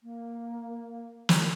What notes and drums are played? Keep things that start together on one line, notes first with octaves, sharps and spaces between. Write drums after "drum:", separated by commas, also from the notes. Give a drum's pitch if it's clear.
A#3
drum: snare